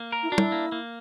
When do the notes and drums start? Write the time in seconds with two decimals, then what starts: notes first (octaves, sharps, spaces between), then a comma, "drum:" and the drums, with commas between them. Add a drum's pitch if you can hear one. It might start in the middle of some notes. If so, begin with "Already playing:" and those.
Already playing: A#3
0.12 A#4
0.22 E4
0.30 D4 F#4
0.38 E4, drum: tom
0.52 A#3
0.72 A#3